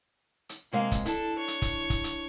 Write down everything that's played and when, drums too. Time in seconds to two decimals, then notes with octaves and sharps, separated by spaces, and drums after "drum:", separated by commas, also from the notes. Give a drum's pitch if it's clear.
0.49 drum: hi-hat
0.73 C3 G#3 A#3 F5
0.92 drum: kick, hi-hat
1.06 D4 E4 A4, drum: hi-hat
1.38 C#5
1.48 drum: hi-hat
1.62 drum: kick, hi-hat
1.90 drum: kick, hi-hat
2.04 drum: hi-hat